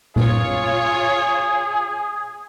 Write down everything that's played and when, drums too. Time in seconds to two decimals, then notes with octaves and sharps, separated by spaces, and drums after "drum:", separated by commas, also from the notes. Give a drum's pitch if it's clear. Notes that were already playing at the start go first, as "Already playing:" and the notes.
0.16 F4 G#4 C#5, drum: tom A#2